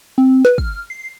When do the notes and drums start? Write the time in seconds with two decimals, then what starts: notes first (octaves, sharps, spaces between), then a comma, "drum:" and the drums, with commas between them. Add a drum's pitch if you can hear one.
0.18 C4
0.45 B4, drum: snare
0.58 F6, drum: kick
0.90 C7